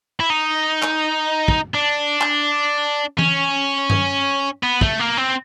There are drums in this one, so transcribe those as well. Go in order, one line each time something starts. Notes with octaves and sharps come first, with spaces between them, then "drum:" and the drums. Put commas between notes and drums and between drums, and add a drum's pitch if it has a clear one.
E4
D#4
drum: clap
drum: kick
D4
drum: clap
C#4, drum: tom E3
drum: tom G2
B3
A3, drum: kick
A#3
C4